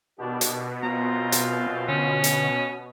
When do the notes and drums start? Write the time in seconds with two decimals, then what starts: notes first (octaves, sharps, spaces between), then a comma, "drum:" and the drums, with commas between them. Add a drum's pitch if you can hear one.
0.18 B2 D#3 D4 G4
0.41 drum: hi-hat
0.83 F#2 B3 C4 F4 A#5
1.32 drum: hi-hat
1.88 D3 C#4
2.24 drum: hi-hat